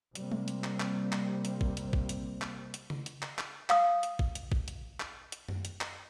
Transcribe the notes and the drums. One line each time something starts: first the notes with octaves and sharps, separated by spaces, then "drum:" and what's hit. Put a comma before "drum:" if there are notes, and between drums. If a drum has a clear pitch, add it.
C3 G3 A#3 C4, drum: hi-hat
drum: tom G#3
drum: hi-hat
drum: clap
drum: clap
drum: clap
drum: hi-hat
drum: kick A1
drum: hi-hat
drum: kick A1
drum: hi-hat
drum: clap
drum: hi-hat
drum: tom C#3
drum: hi-hat
drum: clap
drum: clap
F5 D#6, drum: clap
drum: hi-hat
drum: kick A1
drum: hi-hat
drum: kick A1
drum: hi-hat
drum: clap
drum: hi-hat
drum: tom F#2
drum: hi-hat
drum: clap